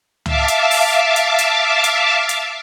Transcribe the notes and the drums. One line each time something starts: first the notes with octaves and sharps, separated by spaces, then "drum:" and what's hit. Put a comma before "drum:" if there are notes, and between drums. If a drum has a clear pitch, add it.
E5 F5 A5 D6, drum: tom
drum: hi-hat
drum: open hi-hat
drum: hi-hat
drum: hi-hat
drum: hi-hat
drum: hi-hat